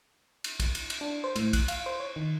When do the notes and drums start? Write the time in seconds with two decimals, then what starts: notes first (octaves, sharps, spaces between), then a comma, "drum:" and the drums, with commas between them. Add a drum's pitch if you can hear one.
0.44 drum: cymbal
0.60 drum: kick, cymbal
0.75 drum: cymbal
0.90 drum: cymbal
1.01 D4
1.24 C5
1.36 A2, drum: cymbal
1.53 F#6, drum: kick, cymbal
1.68 F5, drum: cymbal
1.86 C5
2.00 C#5
2.16 D#3